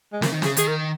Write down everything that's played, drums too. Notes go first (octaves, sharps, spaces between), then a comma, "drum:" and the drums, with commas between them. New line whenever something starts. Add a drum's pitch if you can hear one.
G#3
C#3 A#3, drum: snare
D#3
C#3 G#4, drum: snare
D#3 G#4, drum: hi-hat
A#4